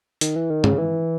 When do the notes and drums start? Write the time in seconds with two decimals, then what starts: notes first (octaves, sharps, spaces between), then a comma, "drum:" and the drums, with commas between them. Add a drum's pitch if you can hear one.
0.21 D#3, drum: hi-hat
0.36 E3
0.50 D#3
0.64 C#3, drum: tom
0.78 E3